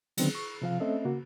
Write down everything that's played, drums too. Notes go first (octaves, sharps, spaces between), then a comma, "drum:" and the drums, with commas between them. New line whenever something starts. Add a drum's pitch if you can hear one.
D3 D#3 F#3 B3 C4 D4, drum: cymbal
C#6
C3 F3 F5
A3 C4 C#4 A4 D#5 E5
C#3 A#3 F#4